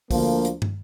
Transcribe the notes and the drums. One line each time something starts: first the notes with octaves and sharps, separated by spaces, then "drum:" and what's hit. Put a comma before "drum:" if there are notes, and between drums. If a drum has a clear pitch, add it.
D2 D3 F3 A#3, drum: kick, open hi-hat
drum: hi-hat
drum: tom